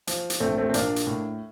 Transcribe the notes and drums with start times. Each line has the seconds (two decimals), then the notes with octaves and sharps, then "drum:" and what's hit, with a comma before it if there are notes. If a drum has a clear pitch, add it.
0.07 F3, drum: hi-hat
0.30 drum: hi-hat
0.40 A#1 A3 C4
0.58 A3 C4
0.70 C4
0.74 A#1 A#3 D4, drum: hi-hat
0.96 drum: hi-hat
1.07 A2